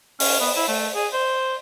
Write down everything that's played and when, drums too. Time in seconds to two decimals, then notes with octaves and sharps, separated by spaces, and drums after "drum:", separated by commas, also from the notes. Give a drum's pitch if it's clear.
0.20 C#4, drum: open hi-hat
0.40 B3
0.56 E4
0.68 A3
0.95 G#4
1.13 C5